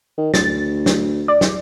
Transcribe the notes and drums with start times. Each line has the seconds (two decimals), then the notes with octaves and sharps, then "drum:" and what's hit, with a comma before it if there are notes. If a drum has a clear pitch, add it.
0.17 D#3
0.34 D2 A6, drum: snare
0.86 drum: snare
1.28 D5
1.41 drum: snare